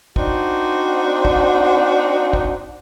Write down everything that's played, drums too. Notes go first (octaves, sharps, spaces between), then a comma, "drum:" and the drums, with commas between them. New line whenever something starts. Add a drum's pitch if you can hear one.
C4 D4 D#4 F#4, drum: kick
drum: kick
drum: kick